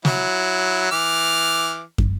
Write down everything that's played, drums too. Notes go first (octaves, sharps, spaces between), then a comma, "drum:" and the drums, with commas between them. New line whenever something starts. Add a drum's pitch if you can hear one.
F#3 E4, drum: snare
E3 D6 F6
drum: kick